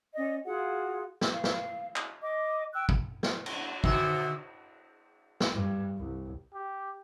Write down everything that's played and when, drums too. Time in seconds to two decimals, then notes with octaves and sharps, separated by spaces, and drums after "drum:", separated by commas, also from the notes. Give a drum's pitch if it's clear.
0.15 C#4 D5 D#5
0.45 F4 F#4 G#4 F#5
1.21 drum: snare
1.31 F5
1.44 drum: snare
1.96 drum: clap
2.22 D#5 D6
2.74 G5 C#6 E6 F#6
2.89 drum: kick
3.23 drum: snare
3.46 drum: cymbal
3.84 B2 D3 F#4 B4 C5 E5, drum: kick
5.40 drum: snare
5.53 G2
5.97 C2
6.54 G4